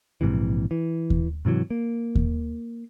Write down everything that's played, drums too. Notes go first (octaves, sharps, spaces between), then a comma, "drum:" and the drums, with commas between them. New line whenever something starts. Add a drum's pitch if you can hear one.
A#1 G#2 C3 E3
E3
drum: kick D#2
G#2 C3 E3 F#3
A#3
drum: kick D#2